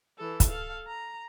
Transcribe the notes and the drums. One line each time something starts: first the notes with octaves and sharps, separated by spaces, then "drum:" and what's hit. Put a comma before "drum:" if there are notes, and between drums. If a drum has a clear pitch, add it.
E3 A4
drum: kick, hi-hat
A4 F5
A#5